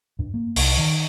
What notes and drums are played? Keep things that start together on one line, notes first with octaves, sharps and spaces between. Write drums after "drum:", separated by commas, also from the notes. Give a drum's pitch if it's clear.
G2
A#3
C2, drum: open hi-hat
D#3